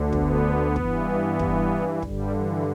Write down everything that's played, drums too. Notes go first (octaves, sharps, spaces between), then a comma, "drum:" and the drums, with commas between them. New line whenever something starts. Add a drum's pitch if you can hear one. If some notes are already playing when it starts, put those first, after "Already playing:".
Already playing: D2 D3
B3, drum: kick
G2 E3, drum: kick
drum: kick
G2 D3 G3, drum: kick
E3